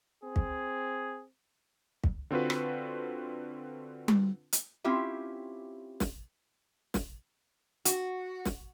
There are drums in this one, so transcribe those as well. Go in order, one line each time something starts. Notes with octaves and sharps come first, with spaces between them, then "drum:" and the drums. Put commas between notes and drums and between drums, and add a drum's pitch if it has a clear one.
C4 G#4
drum: kick
drum: kick
D3 C4 F4 F#4 B4
drum: rim click
drum: tom G3
drum: hi-hat
C4 C#4 E4 F4 G4 E5
drum: snare
drum: snare
F#4, drum: hi-hat
drum: snare